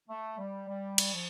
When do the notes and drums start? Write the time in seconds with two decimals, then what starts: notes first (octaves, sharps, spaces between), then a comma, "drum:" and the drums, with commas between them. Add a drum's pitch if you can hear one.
0.09 A3
0.38 G3
0.69 G3
0.98 drum: cymbal
1.13 F3